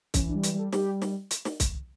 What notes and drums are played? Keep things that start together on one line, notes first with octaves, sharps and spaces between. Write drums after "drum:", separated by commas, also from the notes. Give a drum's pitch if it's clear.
E3 C#4, drum: kick C2, hi-hat
D4
G3
B4, drum: hi-hat
G3 A4
G3 G4, drum: snare
drum: snare
drum: hi-hat
drum: snare
drum: kick C2, hi-hat